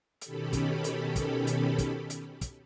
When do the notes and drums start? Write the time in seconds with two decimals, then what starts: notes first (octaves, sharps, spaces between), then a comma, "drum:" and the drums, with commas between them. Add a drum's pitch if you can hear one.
0.22 B2 D#3 C#4 G4 A4 B5, drum: hi-hat
0.53 drum: kick, hi-hat
0.84 drum: hi-hat
1.16 drum: kick, hi-hat
1.47 drum: hi-hat
1.79 drum: kick, hi-hat
2.10 drum: hi-hat
2.41 drum: kick, hi-hat